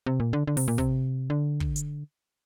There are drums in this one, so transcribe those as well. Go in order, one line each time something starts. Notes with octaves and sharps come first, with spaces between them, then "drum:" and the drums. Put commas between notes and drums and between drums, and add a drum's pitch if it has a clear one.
C3
A#2
D3
D3
C3, drum: open hi-hat
A#2
C3, drum: kick
D3
drum: kick
drum: hi-hat